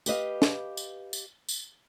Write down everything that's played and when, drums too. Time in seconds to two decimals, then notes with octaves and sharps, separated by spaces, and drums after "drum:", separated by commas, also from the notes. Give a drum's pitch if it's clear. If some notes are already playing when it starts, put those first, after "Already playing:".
0.06 G4 B4 D#5 F5, drum: tambourine
0.42 drum: snare
0.77 drum: tambourine
1.13 drum: tambourine
1.49 drum: tambourine